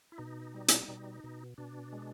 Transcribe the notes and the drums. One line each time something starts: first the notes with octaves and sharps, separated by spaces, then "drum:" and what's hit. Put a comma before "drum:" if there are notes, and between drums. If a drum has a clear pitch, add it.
E4
B2 D#4
G3
drum: hi-hat
B2
B2
B2 D4
G#3